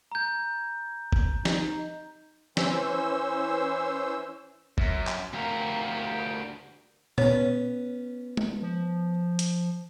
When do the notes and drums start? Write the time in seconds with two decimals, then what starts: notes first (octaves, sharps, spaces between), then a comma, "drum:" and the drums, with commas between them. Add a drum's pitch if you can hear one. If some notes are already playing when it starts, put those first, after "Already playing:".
0.12 A#5 G6
1.12 drum: kick
1.45 D#4, drum: snare
2.57 E3 C#4 C5 E6, drum: snare
4.78 F#2, drum: kick
5.07 drum: clap
5.33 D2 G4 A#4 F5
7.18 B3 C#4 C#5, drum: tom A#2
8.37 drum: tom G#3
8.62 F3
9.39 drum: hi-hat